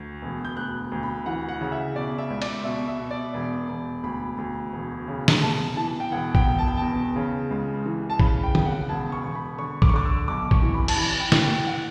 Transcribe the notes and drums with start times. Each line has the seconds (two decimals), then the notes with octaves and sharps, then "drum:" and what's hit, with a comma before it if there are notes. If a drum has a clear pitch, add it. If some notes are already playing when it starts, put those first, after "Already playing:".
Already playing: D2
0.22 E1
0.45 G6
0.56 D2 F#6
0.92 D2
1.03 B5
1.26 E3 F#5
1.49 F#5
1.61 C#3
1.72 E5
1.95 B2 D5
2.18 E5
2.30 C#2
2.42 D5, drum: cymbal
2.64 B2 E5
2.88 E5
2.99 B2
3.11 D5
3.34 E1
3.69 E1
4.03 D2 B5
4.38 D2
4.73 E1
5.08 C#3
5.28 drum: snare
5.42 E1 A5
5.77 E3 A5
6.00 G5
6.12 E1 F#5
6.35 G5, drum: kick A1
6.46 E1
6.59 A5
6.68 G5
6.77 E2 A5
7.16 C#3
7.50 C#2
7.86 E3
8.10 A5
8.20 C#3 B5, drum: kick A1
8.43 G5
8.55 C#3, drum: tom
8.65 F#5
8.89 E1 A5
9.12 C#6
9.24 E1
9.35 B5
9.59 D3 C#6
9.82 D6, drum: kick A1
9.89 C#6
9.94 D3 D6
10.05 E6
10.28 B1 D6
10.51 C#6, drum: kick A1
10.62 E3
10.74 B5
10.88 A5, drum: cymbal
10.97 E3 B5
11.20 G5
11.32 E3, drum: snare
11.44 G5
11.67 F#5